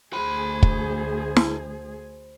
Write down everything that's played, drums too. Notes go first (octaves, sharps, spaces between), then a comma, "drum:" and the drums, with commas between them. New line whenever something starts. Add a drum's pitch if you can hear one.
D2 G#4 C5 B5
drum: kick
drum: snare